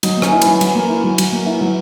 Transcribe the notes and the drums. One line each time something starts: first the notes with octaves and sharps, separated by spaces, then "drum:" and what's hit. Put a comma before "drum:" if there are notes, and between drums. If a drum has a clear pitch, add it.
F#3 D#4, drum: cymbal
A#3
C#4, drum: rim click
E4
E3 F#3, drum: cymbal
F#3, drum: cymbal
A#3
E4
F#3
F#3, drum: cymbal
A#3
E4
F#3